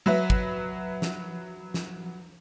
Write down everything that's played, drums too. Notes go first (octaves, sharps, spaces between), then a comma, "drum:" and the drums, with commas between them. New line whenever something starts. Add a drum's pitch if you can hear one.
F#3 B4 E5
drum: kick
drum: snare
drum: snare